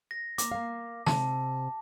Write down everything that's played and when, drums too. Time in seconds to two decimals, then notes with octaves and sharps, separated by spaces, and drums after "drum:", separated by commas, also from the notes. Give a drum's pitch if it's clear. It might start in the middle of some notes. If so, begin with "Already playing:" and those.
0.11 A#6
0.38 A#3 D6, drum: hi-hat
0.51 A#3 F5
1.06 C3 A5, drum: snare